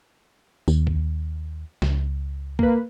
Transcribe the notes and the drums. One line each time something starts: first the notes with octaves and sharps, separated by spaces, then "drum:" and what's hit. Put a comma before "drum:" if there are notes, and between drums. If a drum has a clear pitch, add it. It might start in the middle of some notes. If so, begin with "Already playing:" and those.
D#2, drum: tambourine
drum: kick C2
C#2, drum: snare
A#3 B4, drum: kick C2